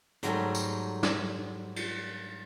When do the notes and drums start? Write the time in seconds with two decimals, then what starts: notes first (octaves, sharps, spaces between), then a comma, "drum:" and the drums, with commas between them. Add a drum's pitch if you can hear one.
0.23 G#2 F#3 G3 A3, drum: hi-hat
0.55 drum: tambourine
1.03 drum: snare
1.76 drum: cymbal